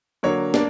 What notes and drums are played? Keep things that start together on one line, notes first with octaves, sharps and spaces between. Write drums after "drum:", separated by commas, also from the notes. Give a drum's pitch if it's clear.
D3 F#3 A#3 C#5
A#3 D4, drum: snare